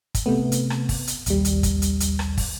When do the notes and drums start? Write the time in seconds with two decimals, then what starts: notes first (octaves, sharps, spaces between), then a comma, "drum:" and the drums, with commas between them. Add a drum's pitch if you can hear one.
0.15 drum: kick, hi-hat
0.26 C3 A3 B3
0.52 drum: hi-hat
0.70 drum: rim click
0.89 drum: kick, open hi-hat
1.07 drum: hi-hat
1.26 A#1 D#2 G3, drum: hi-hat
1.45 drum: hi-hat
1.63 drum: kick, hi-hat
1.82 drum: hi-hat
2.00 drum: hi-hat
2.19 drum: rim click
2.38 drum: kick, open hi-hat